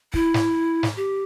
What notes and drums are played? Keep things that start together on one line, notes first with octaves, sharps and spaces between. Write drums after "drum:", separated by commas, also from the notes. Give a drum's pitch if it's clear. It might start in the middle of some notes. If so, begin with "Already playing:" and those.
E4, drum: kick
drum: snare
drum: snare
G4